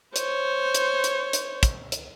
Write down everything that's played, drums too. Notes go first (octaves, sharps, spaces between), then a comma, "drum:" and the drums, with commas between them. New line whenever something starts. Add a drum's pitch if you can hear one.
C5 C#5, drum: hi-hat
drum: hi-hat
drum: hi-hat
drum: hi-hat
drum: kick, hi-hat
drum: hi-hat